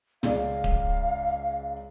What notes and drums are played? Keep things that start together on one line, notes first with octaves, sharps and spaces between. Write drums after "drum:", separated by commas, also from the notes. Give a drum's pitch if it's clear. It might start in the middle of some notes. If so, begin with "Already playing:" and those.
C#2 D5 F5, drum: snare
drum: kick D1